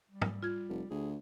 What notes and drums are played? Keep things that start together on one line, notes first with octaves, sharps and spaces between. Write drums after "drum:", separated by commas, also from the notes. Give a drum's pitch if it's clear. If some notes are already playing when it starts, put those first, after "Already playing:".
G3
drum: tom
F4 G#6
F1
D2 G#4